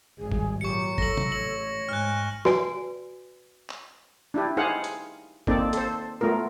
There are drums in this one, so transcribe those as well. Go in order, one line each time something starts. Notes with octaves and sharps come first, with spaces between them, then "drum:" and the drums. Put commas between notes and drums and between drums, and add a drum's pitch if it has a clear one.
G#1 G3 G#4
drum: kick G#1
A#2 F#3 G4 C#6 C#7
A4 A#6 F#7, drum: kick G#1
drum: tom C3
A1 C#5 F#7
G#2 G#5 F6 F#6
F#4 B4 D5 G#5, drum: snare
drum: clap
D4 E4 G4
D#4 G#4 C5 F5 F#5
drum: hi-hat
A#3 C4 D#4 A4 D5, drum: kick G#1
A4 C5, drum: hi-hat
A3 B3 F4 A#4